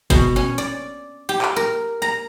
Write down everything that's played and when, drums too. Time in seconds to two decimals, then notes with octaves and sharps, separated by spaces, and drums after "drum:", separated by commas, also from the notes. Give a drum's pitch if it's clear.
0.10 B2, drum: kick F#1
0.36 C#4
0.58 D5
1.29 G4
1.42 drum: clap
1.56 A#4
2.02 A#5